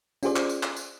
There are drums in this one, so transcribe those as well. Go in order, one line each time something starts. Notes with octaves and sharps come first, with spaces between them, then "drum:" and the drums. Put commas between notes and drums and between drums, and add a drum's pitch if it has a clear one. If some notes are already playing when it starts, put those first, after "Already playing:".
C#4 F4 G4 G#4 C5 D5, drum: tambourine
drum: clap
drum: tambourine
drum: clap
drum: tambourine